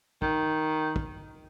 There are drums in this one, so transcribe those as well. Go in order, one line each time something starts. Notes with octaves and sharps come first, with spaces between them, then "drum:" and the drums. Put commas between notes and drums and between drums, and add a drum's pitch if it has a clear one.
D#3, drum: kick
drum: kick